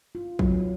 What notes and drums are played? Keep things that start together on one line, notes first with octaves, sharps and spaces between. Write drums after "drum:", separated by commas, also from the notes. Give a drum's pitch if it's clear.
F4
F#3, drum: kick A#1